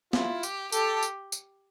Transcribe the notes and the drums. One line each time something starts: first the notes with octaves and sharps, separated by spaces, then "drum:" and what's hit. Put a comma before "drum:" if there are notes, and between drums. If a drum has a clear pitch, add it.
E4 F4, drum: snare
G4, drum: tambourine
G4 A4, drum: tambourine
drum: tambourine
drum: tambourine